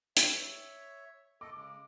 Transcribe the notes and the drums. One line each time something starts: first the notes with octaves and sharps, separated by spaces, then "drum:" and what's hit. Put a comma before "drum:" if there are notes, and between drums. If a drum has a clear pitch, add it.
C#5 E5, drum: hi-hat
A4 D#5 D6
C#3 G#3